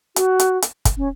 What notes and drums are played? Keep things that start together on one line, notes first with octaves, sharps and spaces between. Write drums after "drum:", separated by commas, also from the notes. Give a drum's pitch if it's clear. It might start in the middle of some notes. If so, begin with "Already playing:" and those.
F#4, drum: hi-hat
drum: hi-hat
drum: hi-hat
drum: kick, hi-hat
C#4